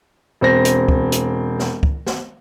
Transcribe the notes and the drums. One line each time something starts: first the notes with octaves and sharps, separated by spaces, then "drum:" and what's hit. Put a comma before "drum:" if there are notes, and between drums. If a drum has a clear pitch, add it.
E1 C4 A#6
drum: hi-hat
drum: kick
drum: hi-hat
drum: snare
drum: kick
drum: snare